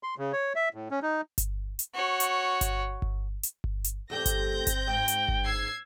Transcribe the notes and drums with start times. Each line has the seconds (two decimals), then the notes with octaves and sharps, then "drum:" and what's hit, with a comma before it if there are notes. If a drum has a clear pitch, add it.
0.03 C6
0.18 C#3
0.33 C#5
0.55 E5
0.74 A2
0.91 C#4
1.02 D#4
1.38 drum: kick G1, hi-hat
1.79 drum: hi-hat
1.94 F#4 C#5
2.20 drum: hi-hat
2.61 drum: kick G1, hi-hat
3.02 drum: kick G1
3.43 drum: hi-hat
3.64 drum: kick G1
3.84 drum: hi-hat
4.10 E2 A3 C4 G4 G6 A#6
4.26 drum: kick G1, hi-hat
4.67 drum: kick G1, hi-hat
4.87 G#2 G5
5.08 drum: hi-hat
5.28 drum: kick G1
5.44 E6 G#6 C7